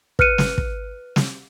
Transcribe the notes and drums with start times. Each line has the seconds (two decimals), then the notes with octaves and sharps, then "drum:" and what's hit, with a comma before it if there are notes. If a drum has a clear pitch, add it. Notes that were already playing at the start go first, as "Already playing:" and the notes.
0.19 B4 F6 F#6 C#7 D#7, drum: kick
0.38 drum: snare
0.58 drum: kick
1.16 drum: snare